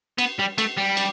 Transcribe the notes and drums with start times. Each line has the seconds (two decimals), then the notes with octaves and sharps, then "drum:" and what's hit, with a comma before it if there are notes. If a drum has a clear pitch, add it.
0.18 B3, drum: cymbal
0.39 G3
0.58 A3, drum: cymbal
0.77 G3
0.97 drum: cymbal